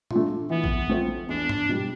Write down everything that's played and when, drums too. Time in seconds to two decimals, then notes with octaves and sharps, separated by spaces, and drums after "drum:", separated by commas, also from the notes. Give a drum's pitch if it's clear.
0.11 A3 D4 F4, drum: tom
0.50 E3 B3
0.64 drum: kick A1
0.89 A3 C4 F4
1.29 E2 D4
1.49 drum: tom G2
1.69 B2 G3